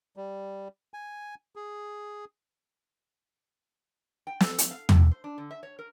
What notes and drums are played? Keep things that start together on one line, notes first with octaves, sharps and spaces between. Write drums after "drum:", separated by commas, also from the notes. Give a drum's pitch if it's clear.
G3
G#5
G#4
G5
A4, drum: snare
A3, drum: hi-hat
F5
A2, drum: tom
C5
D4
D3
E5
C#5
A#4